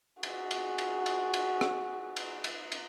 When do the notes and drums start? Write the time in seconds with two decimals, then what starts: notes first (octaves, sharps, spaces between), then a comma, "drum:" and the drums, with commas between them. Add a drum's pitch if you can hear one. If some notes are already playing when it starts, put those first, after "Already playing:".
0.23 F#4 G#4, drum: cymbal
0.51 drum: cymbal
0.78 drum: cymbal
1.06 drum: cymbal
1.34 drum: cymbal
1.61 drum: rim click
2.16 drum: cymbal
2.44 drum: cymbal
2.72 drum: cymbal